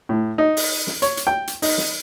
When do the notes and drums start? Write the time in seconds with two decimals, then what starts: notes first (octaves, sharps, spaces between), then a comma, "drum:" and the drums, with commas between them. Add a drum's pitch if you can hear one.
0.09 A2
0.38 D#4
0.57 drum: open hi-hat
0.87 drum: snare
1.02 C#5, drum: hi-hat
1.17 drum: hi-hat
1.27 G5
1.47 drum: hi-hat
1.62 D#4, drum: open hi-hat
1.78 drum: snare